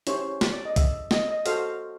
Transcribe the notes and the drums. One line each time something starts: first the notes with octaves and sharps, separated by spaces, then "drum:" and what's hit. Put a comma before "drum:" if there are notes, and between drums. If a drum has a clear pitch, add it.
C#4 E4 G4 C5 C#5, drum: hi-hat
D5, drum: snare
D5
D#5
E5, drum: kick B1, hi-hat
D#5, drum: snare
D#5
F#4 A4 C5 F5, drum: hi-hat